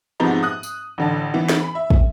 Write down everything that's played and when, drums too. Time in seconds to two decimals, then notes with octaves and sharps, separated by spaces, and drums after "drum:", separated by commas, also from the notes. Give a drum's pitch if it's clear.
0.20 G#2 C3 F3 B3 D#4 F#4
0.43 D#6 F#6
0.63 drum: tambourine
0.98 A1 D3 A5
1.34 E3 B3
1.49 drum: snare
1.60 B5
1.75 E5
1.90 drum: kick